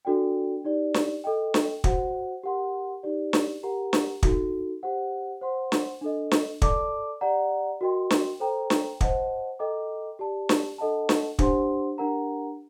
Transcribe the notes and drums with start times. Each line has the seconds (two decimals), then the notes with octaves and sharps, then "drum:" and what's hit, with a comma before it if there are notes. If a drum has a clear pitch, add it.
0.05 D4 F#4 A4 D5 G5
0.64 D#4 G4 D5
0.94 drum: snare
1.24 A4 D#5 G5
1.54 drum: snare
1.84 F#4 C5 F#5, drum: kick
2.44 G4 A#4 F#5 C6
3.03 D#4 G4 D5
3.33 drum: snare
3.63 G4 A#4 F#5 A#5
3.93 drum: snare
4.23 D#4 F#4 A4, drum: kick
4.83 G4 C5 F#5
5.41 C5 F#5 C6
5.72 drum: snare
6.01 D4 A4 D#5
6.31 drum: snare
6.62 A4 D5 A5 D6, drum: kick
7.21 G4 D5 F#5 A#5
7.81 F#4 A#4 D#5 G5 C6
8.10 drum: snare
8.40 A4 C5 G5 A#5
8.70 drum: snare
9.01 C5 D#5 F#5 A5, drum: kick
9.59 A4 D#5 G5 A#5 D6
10.19 G4 D5 A5
10.49 drum: snare
10.78 D4 A4 D#5 F#5 A5
11.09 drum: snare
11.39 D4 G4 C5 F#5 C6, drum: kick
11.98 D4 G4 A#4 F#5 A#5